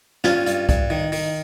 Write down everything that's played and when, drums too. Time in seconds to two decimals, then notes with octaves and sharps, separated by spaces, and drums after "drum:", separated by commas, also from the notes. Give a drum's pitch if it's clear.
0.24 G2 C#4 F4, drum: snare
0.47 G2, drum: hi-hat
0.69 G2, drum: kick C2, hi-hat
0.90 D#3
1.12 D#3, drum: open hi-hat